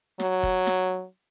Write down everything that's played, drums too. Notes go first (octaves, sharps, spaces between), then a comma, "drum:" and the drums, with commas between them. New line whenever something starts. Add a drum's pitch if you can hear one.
F#3, drum: snare
drum: kick F1
drum: snare